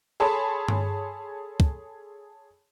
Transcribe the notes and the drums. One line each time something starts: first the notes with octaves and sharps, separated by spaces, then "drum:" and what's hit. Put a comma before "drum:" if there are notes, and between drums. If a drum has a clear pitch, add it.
G#4 A4 C#5 A5 B5 C6
drum: tom G2
drum: kick